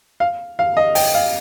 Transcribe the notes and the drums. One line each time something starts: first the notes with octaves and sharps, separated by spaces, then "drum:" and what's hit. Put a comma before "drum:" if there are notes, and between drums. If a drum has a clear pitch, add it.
F5
F5
D#5
G5, drum: open hi-hat
F5